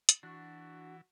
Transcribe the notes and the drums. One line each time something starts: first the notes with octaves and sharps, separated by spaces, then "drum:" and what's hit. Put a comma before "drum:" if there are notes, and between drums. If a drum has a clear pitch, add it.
drum: hi-hat
E3 D4 F#4